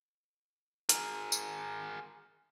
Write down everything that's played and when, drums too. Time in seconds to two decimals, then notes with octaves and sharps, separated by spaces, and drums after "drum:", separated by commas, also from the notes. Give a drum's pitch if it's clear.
0.89 G#4 A#4, drum: hi-hat
1.32 drum: tambourine